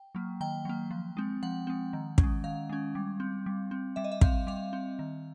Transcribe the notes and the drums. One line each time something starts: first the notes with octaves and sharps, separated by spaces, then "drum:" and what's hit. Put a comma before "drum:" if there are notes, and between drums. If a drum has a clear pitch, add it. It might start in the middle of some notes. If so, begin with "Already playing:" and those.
Already playing: G5
F#3 A#3
D#3 G5
F#3 A#3
F3
G#3 C4
F3 F#5
G#3 C4
D#3
C#4, drum: kick
G#3
D#3 F5
G#3 C#4
G3
C4
G3
C4
G3 E5
D#5
E5
C4 F5, drum: kick
G3 F5
C4
D#3